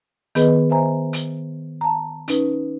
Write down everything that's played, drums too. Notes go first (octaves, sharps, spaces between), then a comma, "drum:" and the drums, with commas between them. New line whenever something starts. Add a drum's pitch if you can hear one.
D#3 B3 G#4 B4 D#5, drum: hi-hat
C5 E5 G#5 A#5
drum: hi-hat
A5 A#5
C#4 D#4 B4, drum: hi-hat